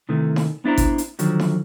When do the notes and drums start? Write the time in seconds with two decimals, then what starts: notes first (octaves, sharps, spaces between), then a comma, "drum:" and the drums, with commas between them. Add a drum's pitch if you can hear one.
0.09 C3 D#3 E3 A3
0.36 drum: snare D#4
0.65 B3 D4 E4 C5 A#5
0.78 drum: kick, hi-hat
0.98 drum: hi-hat
1.19 D3 D#3 F3 F#3, drum: hi-hat
1.39 drum: snare D#4